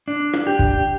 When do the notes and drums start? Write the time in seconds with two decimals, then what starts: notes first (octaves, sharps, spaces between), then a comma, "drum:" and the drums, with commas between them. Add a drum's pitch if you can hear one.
0.08 D4
0.33 drum: rim click
0.47 G4
0.59 drum: kick